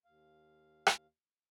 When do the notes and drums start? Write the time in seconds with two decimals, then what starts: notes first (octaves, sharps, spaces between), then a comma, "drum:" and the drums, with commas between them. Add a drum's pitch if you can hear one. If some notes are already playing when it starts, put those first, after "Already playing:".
0.05 D#2 F5
0.86 drum: rim click